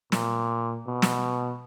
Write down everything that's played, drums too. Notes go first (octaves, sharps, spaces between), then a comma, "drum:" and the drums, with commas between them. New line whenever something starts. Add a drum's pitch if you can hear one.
A#2, drum: snare
B2
drum: snare